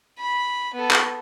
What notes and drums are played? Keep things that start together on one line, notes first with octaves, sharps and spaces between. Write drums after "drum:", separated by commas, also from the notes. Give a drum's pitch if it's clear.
B5
B3 A4
drum: clap